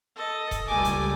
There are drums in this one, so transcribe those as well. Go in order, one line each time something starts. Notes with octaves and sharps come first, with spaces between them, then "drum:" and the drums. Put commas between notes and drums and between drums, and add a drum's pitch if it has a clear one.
A4 D#5
drum: kick E1, hi-hat
C#2 G3 A3 G#5 D6
drum: hi-hat